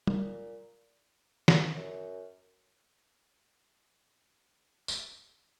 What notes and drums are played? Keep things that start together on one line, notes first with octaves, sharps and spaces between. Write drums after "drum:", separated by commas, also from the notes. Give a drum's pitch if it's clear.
A#2, drum: tom
drum: snare
F#2
drum: tambourine